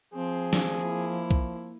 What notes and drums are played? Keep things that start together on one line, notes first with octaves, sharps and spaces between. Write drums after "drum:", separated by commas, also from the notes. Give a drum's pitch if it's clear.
F3 C4 G#4
drum: snare
A#3 E4
drum: kick